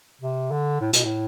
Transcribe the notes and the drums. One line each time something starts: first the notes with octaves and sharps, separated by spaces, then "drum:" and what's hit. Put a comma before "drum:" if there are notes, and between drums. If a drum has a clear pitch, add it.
C3
D3
A2
B2, drum: hi-hat
A2